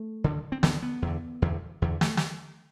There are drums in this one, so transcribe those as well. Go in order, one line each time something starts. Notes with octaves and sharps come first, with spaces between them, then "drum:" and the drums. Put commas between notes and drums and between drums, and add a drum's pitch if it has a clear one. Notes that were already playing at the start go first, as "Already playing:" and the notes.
Already playing: A3
D2 D3
C4
D2 D3 B3, drum: snare
B3
E2 D3
E2 D3
E2 D3
A3, drum: snare
drum: snare